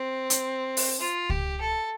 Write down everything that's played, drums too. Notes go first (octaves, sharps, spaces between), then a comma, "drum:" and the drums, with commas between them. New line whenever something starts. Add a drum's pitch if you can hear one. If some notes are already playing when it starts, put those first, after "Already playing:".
Already playing: C4
drum: hi-hat
drum: open hi-hat
F4
G4, drum: kick C#2
A4